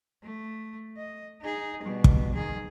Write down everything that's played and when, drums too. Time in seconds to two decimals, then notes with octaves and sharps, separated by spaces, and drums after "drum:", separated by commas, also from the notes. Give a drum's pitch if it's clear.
0.23 A3
0.97 D#5
1.41 D#4 G#4
1.82 B2 G3
2.04 drum: kick
2.34 D#3 G#4